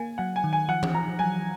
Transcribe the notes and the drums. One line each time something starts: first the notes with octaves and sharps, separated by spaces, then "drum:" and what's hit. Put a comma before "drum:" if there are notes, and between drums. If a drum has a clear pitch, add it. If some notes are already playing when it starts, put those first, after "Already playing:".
Already playing: A#3 G#5
F#3 F#5
G#5
D#3
G#5
F3 F#5
drum: tom E3
F3 A#5
F#3 G#5